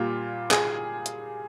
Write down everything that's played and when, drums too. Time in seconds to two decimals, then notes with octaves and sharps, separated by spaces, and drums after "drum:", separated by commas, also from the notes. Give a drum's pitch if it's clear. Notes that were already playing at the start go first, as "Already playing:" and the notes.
Already playing: A#2 G3 A#3 F4
0.51 G#4, drum: clap
1.06 drum: hi-hat